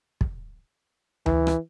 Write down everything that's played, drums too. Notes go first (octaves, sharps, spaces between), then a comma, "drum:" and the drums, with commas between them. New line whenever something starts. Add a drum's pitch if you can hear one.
drum: kick
E3, drum: tom D2
drum: rim click